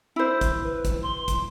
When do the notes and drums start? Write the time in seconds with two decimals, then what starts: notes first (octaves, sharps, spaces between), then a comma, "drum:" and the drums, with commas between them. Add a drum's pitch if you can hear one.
0.16 E4 C5
0.41 drum: kick, hi-hat
0.63 B4
0.85 drum: kick, hi-hat
1.03 C6
1.28 drum: kick, hi-hat